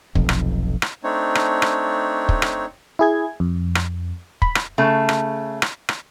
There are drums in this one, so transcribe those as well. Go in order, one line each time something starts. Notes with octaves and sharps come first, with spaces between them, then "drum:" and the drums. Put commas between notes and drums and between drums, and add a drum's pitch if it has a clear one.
F1 B1 F2, drum: kick
drum: rim click
drum: rim click
A3 C4 D4 D#4 C#5
drum: rim click
drum: rim click
drum: kick
drum: rim click
E4 G#4 G#6
F2
drum: rim click
B5, drum: kick
drum: rim click
C#3 A3
drum: rim click
drum: rim click
drum: rim click